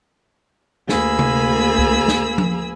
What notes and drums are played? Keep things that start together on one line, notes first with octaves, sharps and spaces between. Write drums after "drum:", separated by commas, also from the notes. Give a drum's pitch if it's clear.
D2 A#3 G#4 G#5 B5 E6, drum: snare
drum: tom C3
drum: kick C2
drum: snare
drum: tom F3